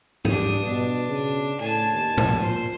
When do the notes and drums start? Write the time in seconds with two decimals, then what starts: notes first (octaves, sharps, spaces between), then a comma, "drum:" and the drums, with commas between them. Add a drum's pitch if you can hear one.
0.25 G2 D4 D#6, drum: tom G#2
0.66 B2 D4
1.10 C#3
1.60 A2 G#5 A5
1.93 D#2
2.18 drum: tom A2
2.40 A#2 C5